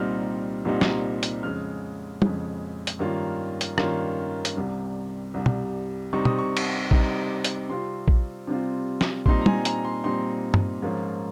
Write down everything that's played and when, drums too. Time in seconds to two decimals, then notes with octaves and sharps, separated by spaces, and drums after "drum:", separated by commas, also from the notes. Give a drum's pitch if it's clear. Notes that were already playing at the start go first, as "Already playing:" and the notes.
Already playing: C2 A#2 G3 C4 D#4 F6
0.65 C2 A#2 G3 C4 D#4
0.81 drum: snare
1.23 drum: hi-hat
1.43 F2 C#3 G#3 F6
2.22 F2 C#3 G#3, drum: tom
2.87 drum: hi-hat
2.99 G2 D#3 A#3 C#4 F4
3.61 drum: hi-hat
3.78 G2 D#3 A#3 C#4 F4, drum: rim click
4.45 drum: hi-hat
4.56 C2 C3 G3
5.34 C2 C3 G3
5.46 drum: tom
6.13 C3 G3 C4 D#4 C#6
6.25 D#6, drum: tom
6.39 C#6
6.57 drum: cymbal
6.91 C3 G3 C4 D#4, drum: kick A#1
7.44 drum: hi-hat
7.69 C3 G3 C4 F4 C6
8.08 drum: kick A#1
8.47 C3 G3 C4 F4
9.01 drum: snare
9.26 A#2 G3 C4 D#4 C6, drum: kick A#1
9.41 A#5
9.46 G#5, drum: tom
9.65 A#5, drum: hi-hat
9.85 C6
10.04 A#2 G3 C4 D#4 C6
10.54 drum: tom
10.82 G#2 F3 A#3 C#4 F4